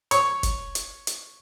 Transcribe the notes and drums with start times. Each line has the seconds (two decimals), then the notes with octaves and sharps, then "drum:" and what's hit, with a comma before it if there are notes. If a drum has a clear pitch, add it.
0.11 C#5, drum: hi-hat
0.43 drum: kick, hi-hat
0.75 drum: hi-hat
1.07 drum: hi-hat